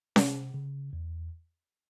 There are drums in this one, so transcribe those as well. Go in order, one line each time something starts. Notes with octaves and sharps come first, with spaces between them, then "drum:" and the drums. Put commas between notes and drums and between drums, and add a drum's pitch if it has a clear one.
C3, drum: snare C#4
C#3
E2